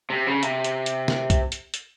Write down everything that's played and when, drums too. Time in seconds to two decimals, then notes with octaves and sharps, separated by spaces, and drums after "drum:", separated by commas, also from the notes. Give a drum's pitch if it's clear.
0.10 C3
0.26 C#3
0.43 C3, drum: hi-hat
0.64 drum: hi-hat
0.86 drum: hi-hat
1.08 drum: snare
1.30 drum: kick B1, hi-hat
1.52 drum: hi-hat
1.74 drum: hi-hat